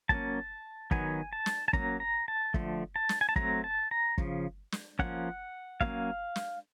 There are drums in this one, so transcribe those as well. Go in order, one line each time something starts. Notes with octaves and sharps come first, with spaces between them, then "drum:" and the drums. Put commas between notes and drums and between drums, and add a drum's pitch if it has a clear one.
F#3 A#3 C#4 A5, drum: kick
D#3 F#3 B3 G#5, drum: kick
A5
drum: snare
A5
F#3 A#3 C#4 A#5, drum: kick
A#5
A5
D3 F3 A3, drum: kick
A5
drum: snare
G#5
A5
F#3 A3 C4 A#5, drum: kick
A5
A#5
C#3 F3, drum: kick
drum: snare
F3 A#3 C#4 F#5, drum: kick
F#3 A#3 C#4 F5, drum: kick
drum: snare